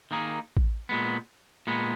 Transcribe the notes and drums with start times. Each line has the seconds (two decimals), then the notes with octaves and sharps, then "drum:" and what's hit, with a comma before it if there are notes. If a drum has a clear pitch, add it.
0.11 D#3 A#3 D#4 G#4
0.57 drum: kick A1
0.89 A#2 G#3 B3
1.67 A#2 G#3 B3